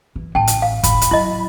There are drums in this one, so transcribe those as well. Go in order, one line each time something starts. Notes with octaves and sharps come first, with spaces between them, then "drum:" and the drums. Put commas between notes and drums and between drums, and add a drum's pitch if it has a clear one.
E3
A1 G5 A5
drum: hi-hat
F5
A1 B5, drum: kick, hi-hat
drum: hi-hat
F#3 E4 D#5